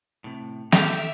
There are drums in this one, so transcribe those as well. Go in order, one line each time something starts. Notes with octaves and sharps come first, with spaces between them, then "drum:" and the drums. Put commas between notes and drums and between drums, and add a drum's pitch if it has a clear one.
A2 C3
G4 A4 E5 F5, drum: snare